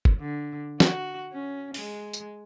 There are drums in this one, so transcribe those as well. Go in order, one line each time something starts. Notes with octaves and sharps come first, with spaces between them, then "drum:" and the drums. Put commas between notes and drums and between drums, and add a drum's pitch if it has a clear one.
drum: kick
D3
F#4, drum: snare
C#4
G#3, drum: open hi-hat
drum: tambourine